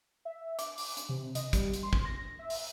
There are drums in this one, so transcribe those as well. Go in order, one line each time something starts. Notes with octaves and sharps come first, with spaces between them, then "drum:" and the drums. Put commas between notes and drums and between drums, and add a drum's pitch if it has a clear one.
E5
D6, drum: hi-hat
drum: open hi-hat
drum: hi-hat
C3
D#5, drum: hi-hat
G3, drum: kick, hi-hat
drum: hi-hat
C6
drum: kick
A#6
E5
drum: open hi-hat